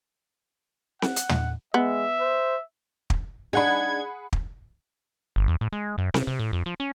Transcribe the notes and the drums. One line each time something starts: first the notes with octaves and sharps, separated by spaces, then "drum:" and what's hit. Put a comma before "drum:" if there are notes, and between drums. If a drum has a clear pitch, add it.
F#5, drum: snare C4
drum: hi-hat
drum: tom
G#3 B3 E5
C5
drum: kick
D4 D#4 G#4 F#5 B5 G#6
drum: kick
G1
E2
A2
G#3
F#2
C3, drum: snare C4
C3
A2
F2
F3
C#4